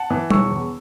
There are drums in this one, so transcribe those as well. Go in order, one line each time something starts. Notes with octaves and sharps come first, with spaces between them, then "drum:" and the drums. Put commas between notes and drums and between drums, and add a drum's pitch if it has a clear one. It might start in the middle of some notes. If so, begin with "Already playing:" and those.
Already playing: F#5 A5
E3
E1 C#6 E6, drum: tom G3
E2